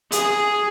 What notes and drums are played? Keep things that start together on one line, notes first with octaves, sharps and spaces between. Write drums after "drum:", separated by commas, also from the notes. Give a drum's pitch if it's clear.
G#4, drum: hi-hat